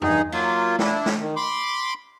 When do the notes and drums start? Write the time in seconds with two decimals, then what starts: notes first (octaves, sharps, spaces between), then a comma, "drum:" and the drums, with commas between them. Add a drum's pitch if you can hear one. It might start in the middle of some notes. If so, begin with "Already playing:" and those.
0.02 G2 D#4 G#4, drum: tom E2
0.32 F#3 A#3 F4, drum: cymbal
0.79 D4 E4, drum: snare
1.06 drum: snare
1.20 D#3
1.36 B5 C6 D6